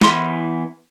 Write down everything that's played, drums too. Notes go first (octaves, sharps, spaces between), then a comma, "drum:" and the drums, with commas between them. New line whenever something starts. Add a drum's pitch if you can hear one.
E2 E3 B3 E4 C6, drum: snare